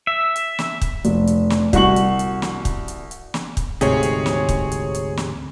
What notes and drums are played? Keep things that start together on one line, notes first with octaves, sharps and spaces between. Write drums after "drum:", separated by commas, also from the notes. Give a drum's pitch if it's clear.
E5
drum: hi-hat
drum: snare
drum: kick, hi-hat
F1, drum: hi-hat
drum: hi-hat
drum: snare
C2 F#4 C#6 F#7, drum: kick, hi-hat
drum: hi-hat
drum: hi-hat
drum: snare
drum: kick, hi-hat
drum: hi-hat
drum: hi-hat
drum: snare
drum: kick, hi-hat
D2 G#2 C3 G#4 C#5, drum: hi-hat
drum: hi-hat
drum: snare
drum: kick, hi-hat
drum: hi-hat
drum: hi-hat
drum: snare